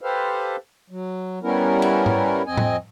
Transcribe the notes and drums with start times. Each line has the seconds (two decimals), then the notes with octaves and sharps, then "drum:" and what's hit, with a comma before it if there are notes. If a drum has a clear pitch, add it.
0.01 G4 A4 B4 C5 F5
0.90 F#3
1.43 G3 B3 C#4 E4 A#4
1.82 drum: cymbal
2.06 drum: tom G#2
2.47 F2 C4 D#5 G#5
2.57 drum: tom A2